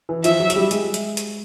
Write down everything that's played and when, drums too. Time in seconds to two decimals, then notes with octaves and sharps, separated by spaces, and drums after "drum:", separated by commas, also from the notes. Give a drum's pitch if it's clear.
0.09 E3
0.24 F3 E5, drum: hi-hat
0.40 F#3
0.50 F#3, drum: hi-hat
0.56 G3
0.71 G#3, drum: hi-hat
0.94 drum: hi-hat
1.17 drum: hi-hat